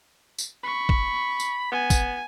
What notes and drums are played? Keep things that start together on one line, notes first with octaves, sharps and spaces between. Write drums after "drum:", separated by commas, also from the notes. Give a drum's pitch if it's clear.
drum: tambourine
B5 C#6
drum: kick
drum: tambourine
B3 G#5
drum: kick, tambourine